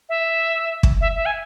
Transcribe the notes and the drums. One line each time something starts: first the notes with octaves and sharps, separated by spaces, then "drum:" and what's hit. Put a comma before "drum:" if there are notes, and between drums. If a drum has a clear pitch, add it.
E5
drum: kick
E5
E5
G#5